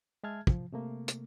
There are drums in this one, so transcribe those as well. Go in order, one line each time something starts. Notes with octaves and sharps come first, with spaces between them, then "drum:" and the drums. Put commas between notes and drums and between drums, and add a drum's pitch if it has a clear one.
G#3 G#4 E5 A5 F6 G#6
F3, drum: kick
C3 A3 A#3
drum: hi-hat